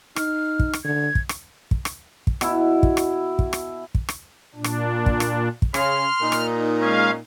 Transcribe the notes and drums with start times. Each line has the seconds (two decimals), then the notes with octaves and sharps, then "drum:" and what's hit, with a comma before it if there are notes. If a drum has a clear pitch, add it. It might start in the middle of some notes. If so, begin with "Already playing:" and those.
0.16 D#4 F6, drum: rim click
0.59 drum: kick
0.73 drum: rim click
0.84 D3 G#6
1.15 drum: kick
1.29 drum: rim click
1.71 drum: kick
1.85 drum: rim click
2.27 drum: kick
2.41 B2 E4, drum: rim click
2.83 drum: kick
2.97 drum: rim click
3.39 drum: kick
3.53 drum: rim click
3.95 drum: kick
4.09 drum: rim click
4.55 A#2 D4
4.64 drum: rim click
5.06 drum: kick
5.20 drum: rim click
5.62 drum: kick
5.74 C#3 C6 F6, drum: rim click
6.21 A#2 D#4
6.32 drum: rim click
6.81 G#3 C#4 F5